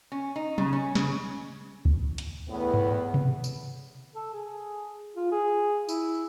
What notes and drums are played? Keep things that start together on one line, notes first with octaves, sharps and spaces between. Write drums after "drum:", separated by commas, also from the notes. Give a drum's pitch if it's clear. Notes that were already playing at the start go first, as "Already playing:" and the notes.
C#4
D#4
C#3, drum: tom F#3
C#4
C#3, drum: snare
drum: kick C#2
drum: hi-hat
E2 A2 B3
drum: tom G2
drum: tom B2
drum: tambourine
A4
G#4
F4
G#4
E4, drum: tambourine